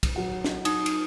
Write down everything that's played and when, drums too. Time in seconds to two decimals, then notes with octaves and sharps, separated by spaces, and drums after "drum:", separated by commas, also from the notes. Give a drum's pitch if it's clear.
0.03 drum: kick, cymbal
0.16 F#3 F#5
0.44 drum: snare
0.65 D#4 D#6, drum: cymbal
0.86 drum: cymbal